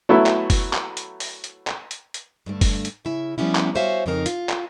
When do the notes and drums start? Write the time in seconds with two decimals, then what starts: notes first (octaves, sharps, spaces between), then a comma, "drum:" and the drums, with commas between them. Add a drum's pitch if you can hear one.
0.09 F#3 A3 B3 E4
0.26 drum: clap
0.50 drum: kick F#1, open hi-hat
0.73 drum: clap
0.97 drum: hi-hat
1.20 drum: open hi-hat
1.44 drum: hi-hat
1.67 drum: clap
1.91 drum: hi-hat
2.14 drum: hi-hat
2.46 G2 D3 A3
2.61 drum: kick F#1, open hi-hat
2.85 drum: hi-hat
3.05 C#3 E4 E5
3.38 F3 G3 B3 C#4 E4
3.55 drum: clap
3.75 F#4 C5 C#5 E5 F5 G#5
4.06 F2 C#3 C4 D#4 A#4 F5
4.26 F4, drum: hi-hat
4.49 drum: clap